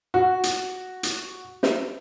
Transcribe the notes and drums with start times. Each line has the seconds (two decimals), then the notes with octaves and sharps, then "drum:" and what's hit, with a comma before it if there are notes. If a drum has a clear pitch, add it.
0.14 F#4
0.43 drum: hi-hat
1.03 drum: hi-hat
1.63 drum: snare